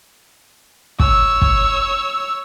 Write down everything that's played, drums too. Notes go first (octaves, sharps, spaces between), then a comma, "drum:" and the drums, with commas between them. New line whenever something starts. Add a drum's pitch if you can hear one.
C#5 E6, drum: kick
drum: kick